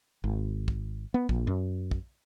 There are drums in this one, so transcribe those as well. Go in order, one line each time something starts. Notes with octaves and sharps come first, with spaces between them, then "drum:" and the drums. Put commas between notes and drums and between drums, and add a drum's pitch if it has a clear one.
G#1
drum: kick
B3
A#1, drum: kick
F#2
drum: kick